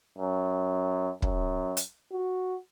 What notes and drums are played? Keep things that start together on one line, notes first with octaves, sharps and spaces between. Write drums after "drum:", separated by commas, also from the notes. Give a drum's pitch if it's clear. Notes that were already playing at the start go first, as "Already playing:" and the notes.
F#2
F#2, drum: kick
drum: hi-hat
F#4